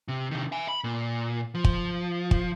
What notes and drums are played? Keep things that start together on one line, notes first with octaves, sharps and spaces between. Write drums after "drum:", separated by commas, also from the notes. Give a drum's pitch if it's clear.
C3
C3 D#3
E5 G#5
B5
A#2
F3
drum: kick
drum: kick